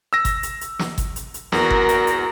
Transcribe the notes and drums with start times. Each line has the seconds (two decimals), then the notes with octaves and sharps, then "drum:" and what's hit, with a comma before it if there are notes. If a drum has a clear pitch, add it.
0.13 E6 A#6
0.25 drum: kick G1, hi-hat
0.43 drum: hi-hat
0.61 drum: hi-hat
0.79 drum: snare
0.98 drum: kick G1, hi-hat
1.16 drum: hi-hat
1.34 drum: hi-hat
1.52 E2 F#4 A#4, drum: snare
1.70 drum: kick G1
1.89 drum: hi-hat
2.07 drum: hi-hat